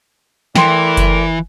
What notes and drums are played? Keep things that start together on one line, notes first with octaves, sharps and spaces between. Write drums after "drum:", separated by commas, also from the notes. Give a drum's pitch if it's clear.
E3 A3 A#4 D5 G5 C6, drum: snare
drum: kick F#1, hi-hat